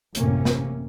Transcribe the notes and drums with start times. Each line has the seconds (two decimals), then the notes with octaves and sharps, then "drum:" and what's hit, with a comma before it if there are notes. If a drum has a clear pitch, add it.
0.15 A1 F#2 A2 C3 A#3 C#4, drum: hi-hat
0.45 drum: snare